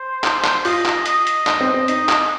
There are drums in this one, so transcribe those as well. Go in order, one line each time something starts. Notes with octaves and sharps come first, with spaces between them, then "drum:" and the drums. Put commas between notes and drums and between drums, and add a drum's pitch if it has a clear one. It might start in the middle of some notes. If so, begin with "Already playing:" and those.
Already playing: C5
drum: clap
drum: clap
F4 D#5, drum: open hi-hat
drum: clap
D#5, drum: hi-hat
drum: hi-hat
D#4, drum: clap
C4
C4
D#4 D#5, drum: hi-hat
drum: clap